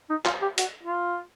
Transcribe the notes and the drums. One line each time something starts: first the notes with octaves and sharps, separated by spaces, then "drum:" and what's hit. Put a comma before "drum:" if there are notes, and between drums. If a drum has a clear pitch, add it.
D#4
F4, drum: clap
G4
F#4, drum: hi-hat
F4